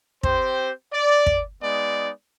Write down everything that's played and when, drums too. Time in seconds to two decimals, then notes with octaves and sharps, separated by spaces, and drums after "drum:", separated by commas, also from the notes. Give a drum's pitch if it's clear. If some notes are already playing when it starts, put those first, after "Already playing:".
0.23 C4 G4 C5, drum: kick
0.93 D5
1.26 drum: kick
1.62 G#3 B3 D#4 D5